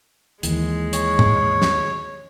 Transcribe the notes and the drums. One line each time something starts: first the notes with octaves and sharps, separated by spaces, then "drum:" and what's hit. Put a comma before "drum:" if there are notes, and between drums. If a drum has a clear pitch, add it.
D#2 E3 G#3, drum: hi-hat
C#5, drum: hi-hat
drum: tom G#2
drum: snare